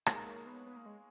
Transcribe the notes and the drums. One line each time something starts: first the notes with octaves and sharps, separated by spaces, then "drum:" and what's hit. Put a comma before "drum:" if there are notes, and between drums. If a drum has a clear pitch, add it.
G#3 A#3 D#4 G#4 C#5 F5, drum: rim click
A#3
B3
B3
A#3
G#3